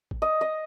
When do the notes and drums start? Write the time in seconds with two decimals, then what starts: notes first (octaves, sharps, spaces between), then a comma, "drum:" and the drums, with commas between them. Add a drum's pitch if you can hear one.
0.11 drum: kick G#1
0.22 D#5
0.41 D#5